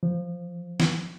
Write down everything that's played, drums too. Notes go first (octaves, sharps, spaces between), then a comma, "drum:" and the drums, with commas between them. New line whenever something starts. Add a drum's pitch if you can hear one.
F3
drum: snare